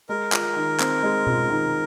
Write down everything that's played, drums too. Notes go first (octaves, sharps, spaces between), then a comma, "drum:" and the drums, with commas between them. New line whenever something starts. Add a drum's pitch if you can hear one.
G#3 A#4
F4, drum: clap
D#3
C4, drum: clap
G#3
F4, drum: tom B2
D#3